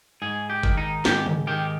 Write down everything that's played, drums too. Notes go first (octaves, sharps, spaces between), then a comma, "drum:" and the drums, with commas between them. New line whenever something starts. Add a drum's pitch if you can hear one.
G#2 G#4
G4
D#3, drum: kick
D#4
G#2 G4, drum: snare
drum: tom
D#3 G4